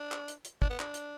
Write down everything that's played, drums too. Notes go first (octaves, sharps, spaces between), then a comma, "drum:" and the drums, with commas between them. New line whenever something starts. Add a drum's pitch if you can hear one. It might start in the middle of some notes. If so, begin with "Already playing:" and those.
Already playing: D4
drum: clap
drum: hi-hat
drum: hi-hat
D4, drum: kick
B3
D4, drum: clap
drum: hi-hat